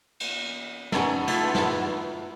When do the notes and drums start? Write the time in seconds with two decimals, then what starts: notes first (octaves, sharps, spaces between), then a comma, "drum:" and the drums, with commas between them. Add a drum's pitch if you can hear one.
0.20 drum: cymbal
0.92 A3 B3 C#4 D#4 A#5, drum: snare
1.28 A3 E4 F4, drum: cymbal
1.55 drum: snare